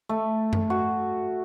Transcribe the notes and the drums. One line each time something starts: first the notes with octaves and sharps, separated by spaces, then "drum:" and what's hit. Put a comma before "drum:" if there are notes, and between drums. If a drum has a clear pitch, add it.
A3
drum: tom F#2
F#4